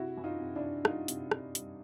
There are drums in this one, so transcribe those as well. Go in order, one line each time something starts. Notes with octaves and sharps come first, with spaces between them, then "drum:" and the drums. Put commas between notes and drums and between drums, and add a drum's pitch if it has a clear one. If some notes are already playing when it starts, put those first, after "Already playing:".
Already playing: C3 E4 F#4
E3
D#4 F4
C3
D4 E4
C3
G3 D#4 F4, drum: rim click
C3, drum: hi-hat
C3, drum: rim click
G3, drum: hi-hat